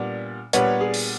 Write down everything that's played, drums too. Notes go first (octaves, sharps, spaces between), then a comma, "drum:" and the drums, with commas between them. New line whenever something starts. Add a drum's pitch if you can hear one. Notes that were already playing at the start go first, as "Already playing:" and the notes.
Already playing: A#2 G3 B3 D4
A#2 G3 B3 D4 B4 C#5, drum: hi-hat
G#4
drum: open hi-hat